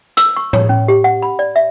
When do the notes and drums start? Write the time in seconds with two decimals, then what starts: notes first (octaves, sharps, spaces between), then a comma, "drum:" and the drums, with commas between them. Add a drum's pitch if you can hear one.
0.17 E6, drum: hi-hat
0.36 C#6
0.53 C#5, drum: tom A2
0.69 C#4
0.88 G4
1.04 F#5
1.22 B5
1.39 D5
1.56 E5